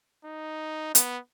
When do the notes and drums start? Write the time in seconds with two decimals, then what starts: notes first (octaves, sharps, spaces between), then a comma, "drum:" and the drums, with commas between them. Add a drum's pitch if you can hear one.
0.25 D#4
0.95 B3, drum: hi-hat